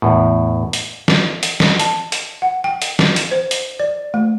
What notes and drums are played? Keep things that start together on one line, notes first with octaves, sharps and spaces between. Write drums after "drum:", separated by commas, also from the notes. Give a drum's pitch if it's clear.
E2 A2
drum: hi-hat
drum: snare
drum: hi-hat
drum: snare
A5, drum: hi-hat
drum: hi-hat
F#5
G5
drum: hi-hat
drum: snare
drum: hi-hat
C5
drum: hi-hat
D5
A3